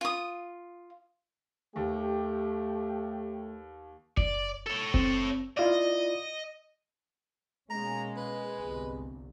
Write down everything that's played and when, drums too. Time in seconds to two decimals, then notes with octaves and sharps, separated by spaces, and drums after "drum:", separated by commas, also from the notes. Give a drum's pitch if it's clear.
0.01 F4 D#6
1.76 D#2 A3 G4
4.17 D5, drum: kick F#1
4.66 A4 C#5
4.94 C4, drum: kick F#1
5.57 E4 F4 D5 D#5
7.70 B2 G#3 A#3 C#4 A#5
8.17 B4
8.58 G1 C2